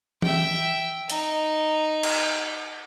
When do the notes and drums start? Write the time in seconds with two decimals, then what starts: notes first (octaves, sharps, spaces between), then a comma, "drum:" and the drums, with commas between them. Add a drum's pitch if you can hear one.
0.22 E5 G5, drum: tom E3
1.10 D#4, drum: hi-hat
2.03 drum: cymbal